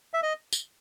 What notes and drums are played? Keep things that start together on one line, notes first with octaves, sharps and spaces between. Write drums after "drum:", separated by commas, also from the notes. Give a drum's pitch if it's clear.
E5
D#5
drum: tambourine